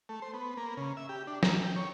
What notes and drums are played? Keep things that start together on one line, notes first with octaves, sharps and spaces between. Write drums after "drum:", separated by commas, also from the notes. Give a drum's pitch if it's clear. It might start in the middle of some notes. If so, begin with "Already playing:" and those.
A3
C5
B3
A#3
C#3
E5
G4
D4
A#4, drum: snare
G5
C#5